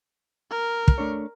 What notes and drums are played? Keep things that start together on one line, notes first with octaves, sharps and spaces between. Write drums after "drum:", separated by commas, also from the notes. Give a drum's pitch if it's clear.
A#4
drum: kick
A3 D4 C#5